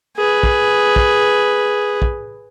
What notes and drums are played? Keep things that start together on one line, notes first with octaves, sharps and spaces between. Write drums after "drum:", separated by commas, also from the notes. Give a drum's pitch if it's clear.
G#4 B4
drum: kick
drum: kick
drum: kick